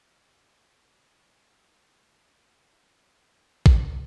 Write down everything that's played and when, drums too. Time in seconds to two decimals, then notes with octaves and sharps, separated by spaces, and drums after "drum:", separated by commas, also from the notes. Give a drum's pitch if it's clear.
0.10 A#3 F4 F#4 A#4
1.29 D#6 A6 B6 C7 D#7
2.72 D3 D#3
3.66 drum: kick